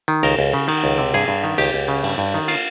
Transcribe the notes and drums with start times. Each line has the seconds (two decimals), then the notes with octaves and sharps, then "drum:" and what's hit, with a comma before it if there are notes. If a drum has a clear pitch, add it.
0.08 D#3
0.23 C#2 A#4, drum: cymbal
0.39 C#2
0.54 C#3
0.68 D#3, drum: cymbal
0.84 C#2
0.98 C3
1.14 G2 G#4, drum: cymbal
1.28 G2
1.44 D#3
1.58 C#2 G4, drum: cymbal
1.74 C#2
1.88 C#3
2.03 G2, drum: cymbal
2.18 G2
2.34 D#3
2.48 F4, drum: cymbal